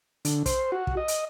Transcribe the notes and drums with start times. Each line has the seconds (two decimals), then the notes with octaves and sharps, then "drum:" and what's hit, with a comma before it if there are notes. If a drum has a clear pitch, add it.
0.25 D3, drum: hi-hat
0.46 C5, drum: kick, hi-hat
0.72 F#4
0.87 drum: kick
0.97 D#5
1.08 drum: hi-hat